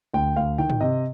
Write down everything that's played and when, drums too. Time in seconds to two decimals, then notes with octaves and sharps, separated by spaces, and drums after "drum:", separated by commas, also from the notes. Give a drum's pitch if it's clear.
0.14 D2 G5
0.36 D2 F5
0.58 D#3 G5
0.70 drum: tom
0.81 C3 D#5